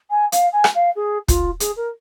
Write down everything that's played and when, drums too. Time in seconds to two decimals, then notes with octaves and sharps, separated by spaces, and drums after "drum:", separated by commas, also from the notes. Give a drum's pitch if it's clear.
0.11 G#5
0.32 F5, drum: hi-hat
0.53 G#5
0.64 drum: rim click
0.75 F5
0.96 G#4
1.28 F4, drum: kick, hi-hat
1.60 G#4, drum: hi-hat
1.77 A#4